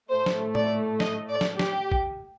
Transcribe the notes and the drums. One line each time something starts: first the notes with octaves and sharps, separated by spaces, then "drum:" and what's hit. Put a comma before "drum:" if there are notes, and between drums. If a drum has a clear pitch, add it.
A2 A3 C5
drum: snare
D5, drum: tom A2
D#5, drum: snare
D5
drum: snare
G4, drum: snare
drum: kick